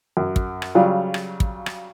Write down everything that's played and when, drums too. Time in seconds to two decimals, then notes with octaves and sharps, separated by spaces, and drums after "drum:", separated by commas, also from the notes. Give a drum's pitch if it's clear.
0.17 F#2
0.36 drum: kick
0.62 drum: rim click
0.75 C#3 F#3 G3 F4
1.14 drum: rim click
1.40 drum: kick
1.66 drum: rim click